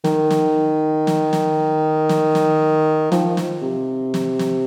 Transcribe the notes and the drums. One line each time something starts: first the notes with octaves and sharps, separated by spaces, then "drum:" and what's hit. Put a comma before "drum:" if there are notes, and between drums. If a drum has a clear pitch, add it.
D#3, drum: snare
drum: snare
drum: snare
drum: snare
drum: snare
drum: snare
F3, drum: snare
drum: snare
C3
drum: snare
drum: snare